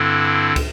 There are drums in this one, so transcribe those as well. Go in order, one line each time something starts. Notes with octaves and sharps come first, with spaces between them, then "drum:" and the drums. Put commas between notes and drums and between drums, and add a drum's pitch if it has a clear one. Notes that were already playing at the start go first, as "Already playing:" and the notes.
Already playing: G2 D3 C4 E4
drum: kick, cymbal